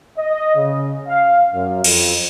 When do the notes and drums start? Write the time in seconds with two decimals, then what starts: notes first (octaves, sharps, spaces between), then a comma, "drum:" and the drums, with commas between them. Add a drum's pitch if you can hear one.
0.18 D#5
0.55 C#3
1.08 F5
1.54 F#2
1.84 F2, drum: cymbal